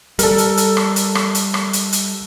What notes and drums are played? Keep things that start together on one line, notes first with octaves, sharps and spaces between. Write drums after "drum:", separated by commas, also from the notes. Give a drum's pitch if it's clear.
G3 A4 A#4, drum: hi-hat
drum: hi-hat
drum: hi-hat
drum: rim click
drum: hi-hat
drum: rim click
drum: hi-hat
drum: rim click
drum: hi-hat
drum: hi-hat